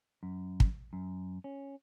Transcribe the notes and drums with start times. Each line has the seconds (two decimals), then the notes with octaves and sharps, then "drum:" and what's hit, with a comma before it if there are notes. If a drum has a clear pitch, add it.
0.23 F#2
0.60 drum: kick
0.93 F#2
1.44 C#4